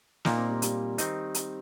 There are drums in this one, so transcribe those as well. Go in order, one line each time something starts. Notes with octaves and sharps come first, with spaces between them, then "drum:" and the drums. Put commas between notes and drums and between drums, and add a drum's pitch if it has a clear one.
A#2 A#3 D#4 F4 A#4, drum: snare
C4
G3
G3, drum: hi-hat
D#3 C4 D#4, drum: hi-hat
drum: hi-hat